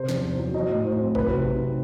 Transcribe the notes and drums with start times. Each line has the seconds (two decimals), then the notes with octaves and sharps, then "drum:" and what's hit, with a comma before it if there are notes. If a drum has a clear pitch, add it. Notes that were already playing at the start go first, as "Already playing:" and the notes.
Already playing: C3 C5
0.09 E2, drum: snare
0.23 E2
0.39 F#3
0.54 F#3 D#5
0.69 A2
0.84 A2 C5
1.00 C4
1.15 F#3 B4, drum: kick A1
1.30 C3
1.46 D#4
1.61 C4